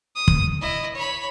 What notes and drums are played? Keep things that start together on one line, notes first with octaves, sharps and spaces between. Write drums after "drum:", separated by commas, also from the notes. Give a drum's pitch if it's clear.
D#6
drum: kick
E4 D#5
C#5 B5